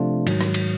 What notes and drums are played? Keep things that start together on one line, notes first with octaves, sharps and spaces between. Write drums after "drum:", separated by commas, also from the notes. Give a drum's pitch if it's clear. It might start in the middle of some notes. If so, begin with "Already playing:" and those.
Already playing: C3 F3 A3 D4 F4
G#2 D#3 F#3, drum: cymbal
drum: rim click
drum: cymbal